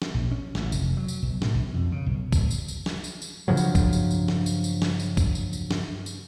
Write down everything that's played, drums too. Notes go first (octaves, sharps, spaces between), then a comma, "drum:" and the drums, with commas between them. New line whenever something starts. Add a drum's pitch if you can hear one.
drum: snare
A#1
C#4
A1, drum: snare
F1, drum: tambourine
F#3
drum: tambourine
B1
A2, drum: snare
B1
F2
C#3
B1
D1, drum: kick, tambourine
drum: tambourine
drum: tambourine
drum: snare
drum: tambourine
drum: tambourine
G2 C#3 F3 F#3
drum: tambourine
drum: kick, tambourine
drum: tambourine
drum: tambourine
drum: snare
drum: tambourine
drum: tambourine
drum: snare
drum: tambourine
drum: kick, tambourine
drum: tambourine
drum: tambourine
drum: snare
drum: tambourine